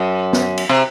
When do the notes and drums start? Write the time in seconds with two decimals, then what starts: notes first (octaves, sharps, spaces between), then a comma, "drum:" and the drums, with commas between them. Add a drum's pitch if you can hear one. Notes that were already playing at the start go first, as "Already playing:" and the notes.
Already playing: F#2
0.33 drum: snare
0.57 drum: cymbal
0.69 C3